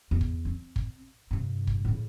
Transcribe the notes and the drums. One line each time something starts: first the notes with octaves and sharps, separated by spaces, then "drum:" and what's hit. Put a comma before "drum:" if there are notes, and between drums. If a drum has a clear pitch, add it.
E2
drum: kick
C4
drum: kick
G2 C3
drum: kick
A2 C#3